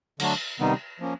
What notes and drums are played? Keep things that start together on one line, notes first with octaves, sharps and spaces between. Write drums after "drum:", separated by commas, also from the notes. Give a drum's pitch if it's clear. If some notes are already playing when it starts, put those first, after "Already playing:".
D3 F#3 A3 D4, drum: cymbal
C3 D#3 G3 B3 D#4
F3 A#3 C#4